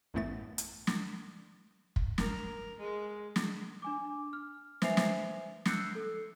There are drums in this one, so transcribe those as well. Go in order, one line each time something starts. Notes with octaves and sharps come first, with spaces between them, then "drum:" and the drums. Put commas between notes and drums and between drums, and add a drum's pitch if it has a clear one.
A1 F#2 A2 A3 B3 A6
drum: hi-hat
drum: snare
drum: kick
A#4, drum: snare
G#3
drum: snare
D4 G#5 D6
F6
B4 C5 E5 G#5 C7 F7, drum: snare
drum: snare
E6 F#6 G6 C7 C#7, drum: snare
A4